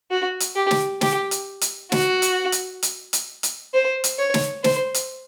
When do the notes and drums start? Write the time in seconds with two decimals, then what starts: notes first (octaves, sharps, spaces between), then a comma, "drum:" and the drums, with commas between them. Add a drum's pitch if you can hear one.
0.11 F#4
0.40 drum: hi-hat
0.56 G4
0.71 drum: snare
1.01 G4, drum: snare
1.31 drum: hi-hat
1.61 drum: hi-hat
1.92 F#4, drum: snare
2.22 drum: hi-hat
2.52 drum: hi-hat
2.83 drum: hi-hat
3.13 drum: hi-hat
3.43 drum: hi-hat
3.74 C5
4.04 drum: hi-hat
4.19 C#5
4.34 drum: snare
4.64 C5, drum: snare
4.94 drum: hi-hat